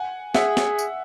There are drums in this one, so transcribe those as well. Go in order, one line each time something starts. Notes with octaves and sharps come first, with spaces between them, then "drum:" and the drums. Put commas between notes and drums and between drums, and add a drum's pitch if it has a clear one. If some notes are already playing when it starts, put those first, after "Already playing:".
Already playing: F#5 G#5
G#4 E5 F#5, drum: snare
drum: snare
drum: tambourine